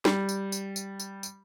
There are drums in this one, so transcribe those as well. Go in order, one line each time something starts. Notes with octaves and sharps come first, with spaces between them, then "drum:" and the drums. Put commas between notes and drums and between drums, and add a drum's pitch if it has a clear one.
G3, drum: snare
drum: tambourine
drum: tambourine
drum: tambourine
drum: tambourine
drum: tambourine